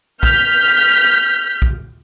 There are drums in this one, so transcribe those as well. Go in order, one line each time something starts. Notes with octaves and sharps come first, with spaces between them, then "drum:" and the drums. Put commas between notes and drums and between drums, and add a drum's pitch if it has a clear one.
F6 G6 B6, drum: kick
drum: kick